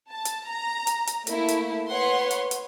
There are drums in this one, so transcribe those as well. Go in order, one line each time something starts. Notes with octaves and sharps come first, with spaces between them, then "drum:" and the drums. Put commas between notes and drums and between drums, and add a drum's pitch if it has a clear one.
A5
drum: hi-hat
A#5
drum: hi-hat
drum: hi-hat
A3 A#3 E4, drum: hi-hat
drum: hi-hat
B4 C#5 F#5 C6
drum: hi-hat
drum: hi-hat